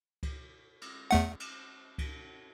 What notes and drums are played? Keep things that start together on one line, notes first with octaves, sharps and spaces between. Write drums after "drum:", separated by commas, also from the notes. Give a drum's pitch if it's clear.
drum: kick C#2, cymbal
drum: cymbal
E2 A3 F#5
drum: cymbal
drum: kick C#2, cymbal